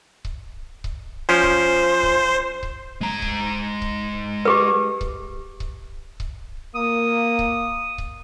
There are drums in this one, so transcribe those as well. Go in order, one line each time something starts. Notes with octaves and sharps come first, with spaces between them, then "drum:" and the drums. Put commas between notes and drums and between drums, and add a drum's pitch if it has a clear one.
drum: kick C#1
drum: kick C#1
F3 C#4 C5
drum: kick C#1
drum: kick C#1
drum: kick C#1
G#3 A#5
drum: kick C#1
drum: kick C#1
G4 G#4 B4
drum: kick C#1
drum: kick C#1
drum: kick C#1
A#3 D#6
drum: kick C#1
drum: kick C#1